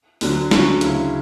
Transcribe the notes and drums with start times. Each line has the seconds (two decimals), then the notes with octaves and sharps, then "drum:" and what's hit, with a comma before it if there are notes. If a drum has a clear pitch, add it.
0.21 D2 D3 F#3, drum: open hi-hat
0.51 D3 F#3 C#4 F#4, drum: snare
0.81 D2 C#3 F#3 C#4 E4, drum: hi-hat